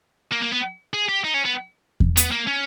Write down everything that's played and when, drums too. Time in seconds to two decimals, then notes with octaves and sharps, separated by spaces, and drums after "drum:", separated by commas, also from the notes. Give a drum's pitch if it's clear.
0.32 A#3
0.42 A#3
0.52 B3
0.94 G#4
1.09 G4
1.24 D#4
1.34 C#4
1.45 B3
2.00 drum: kick E2
2.17 B3, drum: hi-hat
2.32 A#3
2.47 C#4